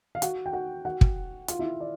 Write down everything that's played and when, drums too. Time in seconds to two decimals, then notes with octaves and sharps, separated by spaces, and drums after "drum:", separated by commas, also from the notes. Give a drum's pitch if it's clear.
0.15 F5
0.22 F#4 F#5, drum: hi-hat
0.46 G5
0.53 F#4 F#5
0.85 F#4 F#5
1.01 drum: kick
1.48 F4 F5, drum: hi-hat
1.59 E4 E5
1.81 D5